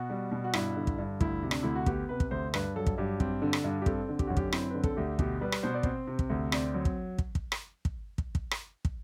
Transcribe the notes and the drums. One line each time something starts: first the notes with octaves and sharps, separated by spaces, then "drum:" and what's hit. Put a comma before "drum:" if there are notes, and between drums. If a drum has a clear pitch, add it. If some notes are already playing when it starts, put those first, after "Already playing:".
Already playing: B2 F#4
G3
B2
F#4
G2 E4, drum: rim click
D3
drum: kick
G2
D2 E4, drum: kick
C3
D4, drum: rim click
D2 E4
F#4
B3 G4, drum: kick
C3 B4
drum: kick
D2 C5
G2 B4, drum: rim click
F#3 A4
drum: kick
G2 G4
C4, drum: kick
D3
drum: rim click
G2
G4
C4 A4, drum: kick
D3
G4, drum: kick
F#2 F#4
G4, drum: kick
C4 E4, drum: rim click
D3 B4
A4, drum: kick
D2 G4
B2 G4, drum: kick
G3 B4
drum: rim click
B2 C5
D5
C4 C5, drum: kick
C3
drum: kick
D2
C4 D5, drum: rim click
F#3
drum: kick
drum: kick
drum: kick
drum: rim click
drum: kick
drum: kick
drum: kick
drum: rim click
drum: kick